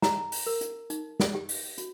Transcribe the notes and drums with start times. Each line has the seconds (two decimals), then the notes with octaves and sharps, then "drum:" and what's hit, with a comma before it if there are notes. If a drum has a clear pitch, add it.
0.02 G4 A#5, drum: snare
0.32 drum: open hi-hat
0.47 A#4
0.61 drum: hi-hat
0.90 D#4, drum: hi-hat
1.20 drum: snare
1.35 G4
1.49 drum: open hi-hat
1.78 F#4, drum: hi-hat